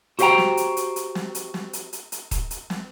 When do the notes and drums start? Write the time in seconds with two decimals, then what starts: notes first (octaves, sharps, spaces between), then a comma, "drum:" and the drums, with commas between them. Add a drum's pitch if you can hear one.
0.19 F#4 G4 C5 E5 G5 A#5, drum: hi-hat
0.38 drum: snare
0.57 drum: hi-hat
0.77 drum: hi-hat
0.96 drum: hi-hat
1.15 drum: snare
1.35 drum: hi-hat
1.54 drum: snare
1.73 drum: hi-hat
1.93 drum: hi-hat
2.12 drum: hi-hat
2.31 drum: kick D#1, hi-hat
2.51 drum: hi-hat
2.70 drum: snare